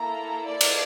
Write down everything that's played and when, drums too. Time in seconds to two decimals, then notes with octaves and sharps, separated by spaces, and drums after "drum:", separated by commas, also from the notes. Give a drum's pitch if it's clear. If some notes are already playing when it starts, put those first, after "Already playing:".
Already playing: A#3 E4 A4 A#5
0.46 D5
0.61 drum: cymbal